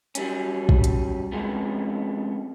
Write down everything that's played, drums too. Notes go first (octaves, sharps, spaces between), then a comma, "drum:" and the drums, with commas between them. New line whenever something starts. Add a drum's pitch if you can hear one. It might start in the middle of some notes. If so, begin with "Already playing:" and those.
F#3 G3 C#4, drum: hi-hat
drum: kick
drum: hi-hat
C3 F3 G#3 A3 B3 C#4